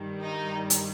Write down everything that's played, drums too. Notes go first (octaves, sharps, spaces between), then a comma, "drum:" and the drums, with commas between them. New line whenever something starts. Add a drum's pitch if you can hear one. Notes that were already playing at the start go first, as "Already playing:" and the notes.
Already playing: G2 D#3 G3
D#4
drum: hi-hat